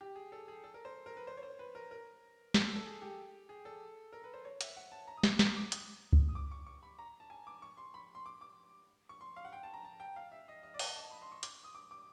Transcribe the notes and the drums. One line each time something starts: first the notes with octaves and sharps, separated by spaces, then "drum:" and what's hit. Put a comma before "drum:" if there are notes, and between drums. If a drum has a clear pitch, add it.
G4
G#4
A4
G#4
A4
A#4
C5
A#4
B4
C5
C#5
C5
B4
A#4
A#4
A4, drum: snare
A4
A4
G#4
G4
G#4
A4
A#4
B4
C5
C#5
E5, drum: hi-hat
F#5
A5
A#5
D#6
D6, drum: snare
D#6, drum: snare
D6
D#6, drum: hi-hat
drum: kick C#2
D#6
D6
C#6
C#6
B5
A#5
A5
G#5
D6
C#6
C6
B5
C6
D6
D6
C#6
C6
F5
F#5
G5
A5
A#5
A5
G5
F5
E5
D#5
D#5
D5
D#5, drum: open hi-hat
A5
B5
C6
C#6
D6, drum: hi-hat
D#6
D6
D6